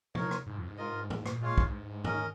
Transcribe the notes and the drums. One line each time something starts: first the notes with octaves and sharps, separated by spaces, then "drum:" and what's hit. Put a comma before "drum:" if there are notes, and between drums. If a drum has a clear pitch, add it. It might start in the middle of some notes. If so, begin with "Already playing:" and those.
F3 D#4 A#4 C#5, drum: tom
drum: rim click
G#2
F2
G#2
F4 A#4 D#5
G#2, drum: tom G#2
A#2, drum: rim click
A#2 G#3 F4 C#5 F5
G#2, drum: kick
D#3 C#4 A#4 D#5, drum: tom G#2